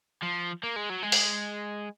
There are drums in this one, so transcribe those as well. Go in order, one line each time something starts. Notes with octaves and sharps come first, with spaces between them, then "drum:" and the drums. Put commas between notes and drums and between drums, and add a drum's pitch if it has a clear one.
F3
A#3
G#3
F#3
G#3
drum: open hi-hat